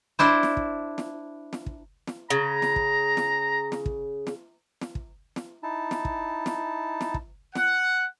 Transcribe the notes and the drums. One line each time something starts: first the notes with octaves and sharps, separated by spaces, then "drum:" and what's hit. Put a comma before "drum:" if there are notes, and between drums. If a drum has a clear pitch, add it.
D4 E4 C5
drum: snare
drum: kick
drum: snare
drum: snare
drum: kick
drum: snare
C#3 A#5
drum: snare
drum: kick
drum: snare
drum: snare
drum: kick
drum: snare
drum: snare
drum: kick
drum: snare
D#4 E4 A5
drum: snare
drum: kick
drum: snare
drum: snare
drum: kick
F#5, drum: snare